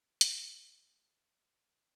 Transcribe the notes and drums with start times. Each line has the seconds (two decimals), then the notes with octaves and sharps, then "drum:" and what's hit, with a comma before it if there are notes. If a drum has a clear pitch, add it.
0.21 F3 C5, drum: hi-hat